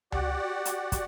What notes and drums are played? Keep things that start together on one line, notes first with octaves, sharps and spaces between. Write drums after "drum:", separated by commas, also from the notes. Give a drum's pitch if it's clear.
F#4 G4 D5 F#5, drum: tom C#2
drum: hi-hat
drum: kick, hi-hat